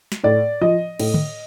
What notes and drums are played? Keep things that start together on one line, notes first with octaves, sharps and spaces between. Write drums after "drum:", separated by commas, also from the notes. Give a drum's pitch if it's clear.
drum: snare
A2 D5
F3 D#5
A2, drum: cymbal
drum: tom